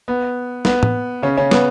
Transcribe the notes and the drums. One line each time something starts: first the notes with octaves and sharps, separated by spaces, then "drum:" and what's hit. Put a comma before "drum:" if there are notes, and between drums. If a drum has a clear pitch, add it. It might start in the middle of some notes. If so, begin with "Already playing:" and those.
B3
B3, drum: snare
drum: tom A2
C#3 C#4
C#3 C#4
B3, drum: snare